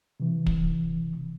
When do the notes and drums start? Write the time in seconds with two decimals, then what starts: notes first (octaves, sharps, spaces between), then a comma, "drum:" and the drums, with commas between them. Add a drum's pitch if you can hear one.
0.20 C3 E3
0.46 drum: kick